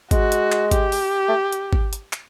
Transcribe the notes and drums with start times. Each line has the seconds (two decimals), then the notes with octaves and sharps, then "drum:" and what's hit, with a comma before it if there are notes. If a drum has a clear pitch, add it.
0.11 G#3 F#4, drum: kick G#1, hi-hat
0.32 drum: hi-hat
0.52 drum: clap
0.71 G4, drum: kick G#1, hi-hat
0.92 drum: open hi-hat
1.29 A3
1.52 drum: hi-hat
1.73 drum: kick G#1
1.93 drum: hi-hat
2.13 drum: clap